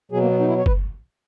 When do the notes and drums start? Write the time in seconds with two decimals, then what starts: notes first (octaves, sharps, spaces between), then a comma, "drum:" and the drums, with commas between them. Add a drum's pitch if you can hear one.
0.12 B2 F#3 G#4
0.21 A#3
0.30 B3
0.40 D#4
0.48 E4
0.57 C#5
0.66 B4, drum: kick F#1